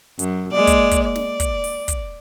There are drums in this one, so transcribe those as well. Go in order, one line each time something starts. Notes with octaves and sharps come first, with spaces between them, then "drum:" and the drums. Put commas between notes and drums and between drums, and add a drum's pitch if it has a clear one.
F#2, drum: hi-hat
G#3 A#3 D5
drum: kick, hi-hat
drum: kick, hi-hat
D5
drum: snare
drum: kick, hi-hat
drum: open hi-hat
drum: kick, hi-hat